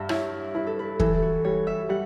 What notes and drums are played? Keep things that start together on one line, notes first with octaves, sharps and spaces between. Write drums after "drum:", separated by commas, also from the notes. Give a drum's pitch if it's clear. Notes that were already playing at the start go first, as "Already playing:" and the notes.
Already playing: G2 E5 F#5
E4 C#5, drum: rim click
E4 B4
A4
B4
E3 A4, drum: kick
F#4
G3 C#5
E5
G3 F#5